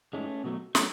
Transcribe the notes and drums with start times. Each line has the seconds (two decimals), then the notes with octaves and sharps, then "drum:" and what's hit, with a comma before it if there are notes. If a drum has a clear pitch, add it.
0.13 G#2 G#3 A3 C#4
0.44 B2 F#3 A3
0.75 F#3 A3, drum: snare